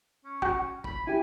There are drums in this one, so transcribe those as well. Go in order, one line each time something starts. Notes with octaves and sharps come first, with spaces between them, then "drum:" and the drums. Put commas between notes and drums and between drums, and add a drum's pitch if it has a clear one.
C#4
F#4, drum: kick
B5, drum: kick
E4 G4 G#5